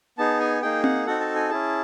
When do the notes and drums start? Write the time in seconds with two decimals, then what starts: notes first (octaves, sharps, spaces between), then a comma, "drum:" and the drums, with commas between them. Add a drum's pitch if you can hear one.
0.18 B3 D#4 G#4 A5
0.40 G#5
0.62 A#3 D#4 G#4 G5
0.84 F#5, drum: tom C4
1.06 C4 D#4 F#4 A4 F#5
1.20 A5
1.36 G#5
1.50 C#4 E4 G#4 A5